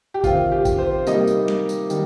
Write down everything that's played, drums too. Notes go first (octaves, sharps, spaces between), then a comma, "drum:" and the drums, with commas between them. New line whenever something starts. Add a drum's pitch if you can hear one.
G4
C3 D#3 C4 F4, drum: kick A1, tambourine
G4
drum: kick A1, tambourine
C5
C3 G3 A#3 D#4 D#5, drum: tambourine
drum: tambourine
drum: snare
drum: tambourine
D#3 G3 D#4, drum: tambourine